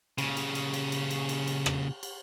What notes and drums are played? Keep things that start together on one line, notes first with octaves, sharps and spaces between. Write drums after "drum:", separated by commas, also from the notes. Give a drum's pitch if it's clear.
A#2 C#3, drum: cymbal
drum: cymbal
drum: cymbal
drum: cymbal
drum: cymbal
drum: cymbal
drum: cymbal
drum: cymbal
drum: rim click
drum: cymbal